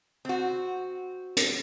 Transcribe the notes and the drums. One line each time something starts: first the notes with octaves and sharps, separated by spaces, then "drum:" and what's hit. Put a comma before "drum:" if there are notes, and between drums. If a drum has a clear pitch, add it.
C4 F#4
drum: hi-hat